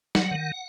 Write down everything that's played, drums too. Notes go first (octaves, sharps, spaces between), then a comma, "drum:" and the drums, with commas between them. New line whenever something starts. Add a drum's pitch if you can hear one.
F#3 F#5, drum: snare
D#3